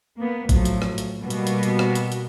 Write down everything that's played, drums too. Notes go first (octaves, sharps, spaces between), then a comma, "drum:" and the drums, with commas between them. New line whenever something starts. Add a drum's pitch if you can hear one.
A#3 B3
A2 F3 F#3, drum: kick A#1, hi-hat
drum: hi-hat
drum: rim click
drum: hi-hat
B2 G3 A#3 B3 F#4
drum: hi-hat
drum: hi-hat
drum: hi-hat
drum: rim click
drum: hi-hat
drum: hi-hat